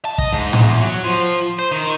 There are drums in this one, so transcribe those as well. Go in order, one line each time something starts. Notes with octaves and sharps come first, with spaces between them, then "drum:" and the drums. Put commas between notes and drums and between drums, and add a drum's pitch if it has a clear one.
A5
D#5, drum: kick
G#2
drum: tom A2
E2
F#3
F3
C5
D#3